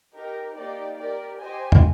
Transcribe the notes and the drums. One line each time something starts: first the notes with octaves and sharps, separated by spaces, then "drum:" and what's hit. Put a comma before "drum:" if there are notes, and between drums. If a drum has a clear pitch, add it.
D#4 G4 A#4
A#3 D#4 G4 D5
G4 A#4 D5
G4 C5 D#5 G#5
drum: tom